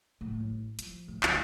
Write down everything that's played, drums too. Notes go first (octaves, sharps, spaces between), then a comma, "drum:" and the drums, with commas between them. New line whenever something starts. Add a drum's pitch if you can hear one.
A2
A1
F3, drum: hi-hat
A2
D2, drum: clap